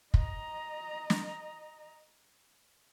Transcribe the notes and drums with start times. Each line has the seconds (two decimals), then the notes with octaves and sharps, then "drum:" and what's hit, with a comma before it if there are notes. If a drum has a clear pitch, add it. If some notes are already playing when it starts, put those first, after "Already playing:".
0.14 D#5 A#5, drum: kick
1.10 drum: snare